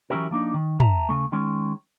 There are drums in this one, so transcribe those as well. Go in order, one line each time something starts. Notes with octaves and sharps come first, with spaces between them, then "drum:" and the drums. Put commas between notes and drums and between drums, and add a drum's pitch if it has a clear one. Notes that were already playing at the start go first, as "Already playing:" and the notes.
E3 F#3 C#4 E4 G4 A#4
F3 A#3 D4 D#4
D#3
E5 A5 A#5, drum: tom
C#3 A3
D#3 G#3 C#4